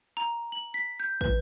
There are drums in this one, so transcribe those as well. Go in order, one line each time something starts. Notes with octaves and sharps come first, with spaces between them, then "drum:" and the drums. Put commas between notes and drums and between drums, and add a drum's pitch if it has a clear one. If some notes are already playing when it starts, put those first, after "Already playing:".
A#5
F#7
B6
G6
B4, drum: kick